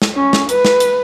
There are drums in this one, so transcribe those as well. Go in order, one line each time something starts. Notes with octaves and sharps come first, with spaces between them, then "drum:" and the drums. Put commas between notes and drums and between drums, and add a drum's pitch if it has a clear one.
drum: snare
C#4
drum: snare
B4, drum: hi-hat
drum: snare
drum: hi-hat